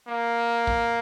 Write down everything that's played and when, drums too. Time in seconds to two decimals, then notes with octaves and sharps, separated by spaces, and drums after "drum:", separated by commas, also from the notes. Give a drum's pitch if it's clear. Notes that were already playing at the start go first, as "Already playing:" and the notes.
0.08 A#3
0.67 drum: kick A1